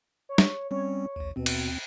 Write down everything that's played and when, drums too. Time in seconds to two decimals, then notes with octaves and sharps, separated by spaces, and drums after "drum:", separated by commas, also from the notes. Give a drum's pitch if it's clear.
0.29 C#5
0.38 drum: snare
0.71 G3 C4 C#4 C#5
1.16 A#1 D#2
1.36 D#2 B2 C4
1.46 drum: cymbal